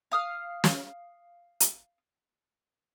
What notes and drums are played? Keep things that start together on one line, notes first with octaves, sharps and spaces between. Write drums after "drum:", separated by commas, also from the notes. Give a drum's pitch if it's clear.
F5 D#6 F6
drum: snare
drum: hi-hat